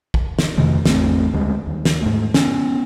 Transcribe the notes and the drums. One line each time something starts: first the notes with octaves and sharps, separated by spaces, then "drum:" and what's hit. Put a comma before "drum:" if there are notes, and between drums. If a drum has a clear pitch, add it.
drum: kick
drum: snare
F2 C3 D#3 A3
G#1 E2 A3 C4, drum: snare
D2 G3 G#3
D#2
drum: snare
G#2 A3
B3 C#4, drum: snare